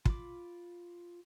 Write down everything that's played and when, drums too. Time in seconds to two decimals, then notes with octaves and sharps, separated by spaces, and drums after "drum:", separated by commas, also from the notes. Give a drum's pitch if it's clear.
0.05 F4 B5 D6, drum: kick